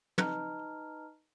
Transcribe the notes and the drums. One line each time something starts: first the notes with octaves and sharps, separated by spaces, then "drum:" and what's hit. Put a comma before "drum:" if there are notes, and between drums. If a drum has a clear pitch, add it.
D#4 B4 D#5 A5 A#5 F6, drum: tom